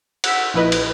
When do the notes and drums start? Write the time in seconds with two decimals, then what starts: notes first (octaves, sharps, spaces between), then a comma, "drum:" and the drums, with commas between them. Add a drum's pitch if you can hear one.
0.24 F#5 E6 B6, drum: cymbal
0.54 A#1 F3 E4 B4 D#5
0.72 drum: cymbal